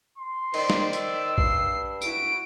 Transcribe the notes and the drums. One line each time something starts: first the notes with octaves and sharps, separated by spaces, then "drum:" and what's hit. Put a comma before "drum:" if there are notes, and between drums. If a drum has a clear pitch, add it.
C6
D#3 C5 D5, drum: cymbal
drum: snare
E6, drum: hi-hat
G2 C7, drum: kick A#1
E4 F#4 D7, drum: tambourine